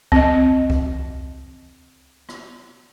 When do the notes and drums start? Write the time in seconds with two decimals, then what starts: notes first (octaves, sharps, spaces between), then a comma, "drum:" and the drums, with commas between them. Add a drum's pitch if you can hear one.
0.12 C4 D#5, drum: kick C2
0.70 drum: kick C2
2.29 drum: rim click